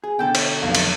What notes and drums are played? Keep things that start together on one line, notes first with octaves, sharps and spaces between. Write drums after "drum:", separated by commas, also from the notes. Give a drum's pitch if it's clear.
G#4
B2 D3 A4 G5
C#5, drum: cymbal
F1 B1 F5
drum: cymbal